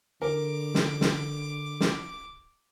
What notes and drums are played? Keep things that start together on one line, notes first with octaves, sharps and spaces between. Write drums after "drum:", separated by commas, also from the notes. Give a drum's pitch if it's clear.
D3 A#4 D6
drum: snare
drum: snare
drum: snare